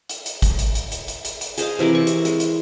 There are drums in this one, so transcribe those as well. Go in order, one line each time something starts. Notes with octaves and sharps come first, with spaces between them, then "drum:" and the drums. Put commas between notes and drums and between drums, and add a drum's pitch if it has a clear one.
drum: hi-hat
drum: hi-hat
drum: kick, hi-hat
drum: hi-hat
drum: hi-hat
drum: hi-hat
drum: hi-hat
drum: hi-hat
drum: hi-hat
G#4 C5 D#5 F5, drum: hi-hat
C3 E3 E4 A#4
C#6
drum: hi-hat
G#3, drum: hi-hat
drum: hi-hat